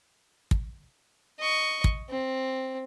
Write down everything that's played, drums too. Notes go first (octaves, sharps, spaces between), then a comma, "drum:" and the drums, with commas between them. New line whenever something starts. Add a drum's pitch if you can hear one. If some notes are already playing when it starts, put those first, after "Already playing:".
drum: kick
D#5 C#6
drum: kick
C4